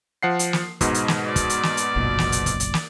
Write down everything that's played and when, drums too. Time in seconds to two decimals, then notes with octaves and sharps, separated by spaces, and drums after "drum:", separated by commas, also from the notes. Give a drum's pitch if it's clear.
0.23 F3 F#5 C7
0.39 drum: hi-hat
0.53 drum: snare
0.81 G#2 B2 D#4, drum: kick, hi-hat
0.94 drum: hi-hat
1.08 drum: snare
1.26 D5
1.36 drum: kick, hi-hat
1.50 drum: hi-hat
1.63 drum: snare
1.77 drum: hi-hat
1.96 F#1 B1 A#2
2.18 drum: snare
2.32 drum: hi-hat
2.46 drum: kick, hi-hat
2.60 drum: hi-hat
2.74 drum: snare